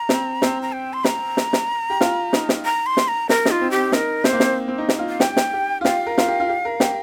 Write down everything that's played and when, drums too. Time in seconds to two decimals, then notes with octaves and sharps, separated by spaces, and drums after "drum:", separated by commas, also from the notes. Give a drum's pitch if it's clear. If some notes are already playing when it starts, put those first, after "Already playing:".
Already playing: A#5
0.09 C4, drum: snare
0.42 C4, drum: snare
0.62 A#5
0.73 G5
0.93 C6
1.04 A#5, drum: snare
1.37 drum: snare
1.53 drum: snare
1.90 G4
2.01 F4, drum: snare
2.33 D#4, drum: snare
2.49 drum: snare
2.65 A#5
2.86 C6
2.97 drum: snare
3.08 A#5
3.29 A#4, drum: snare
3.45 D#4, drum: snare
3.51 F4
3.61 C4
3.71 G4
3.76 C4
3.92 D#4 A#4, drum: snare
4.24 C4 C5, drum: snare
4.33 A#3
4.40 C4, drum: snare
4.68 C4
4.78 D#4
4.89 drum: snare
4.99 F4
5.09 F5
5.20 G4 G5, drum: snare
5.37 drum: snare
5.53 G4
5.81 F4
5.85 G4 F5, drum: snare
6.06 A#4
6.18 F4, drum: snare
6.28 G4
6.40 F4
6.49 G4
6.65 A#4
6.80 G4, drum: snare